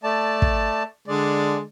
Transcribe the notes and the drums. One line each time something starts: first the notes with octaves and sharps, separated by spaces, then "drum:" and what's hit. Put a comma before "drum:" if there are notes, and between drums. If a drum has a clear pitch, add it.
A3 D5 A5
drum: kick
D3 G#3 D5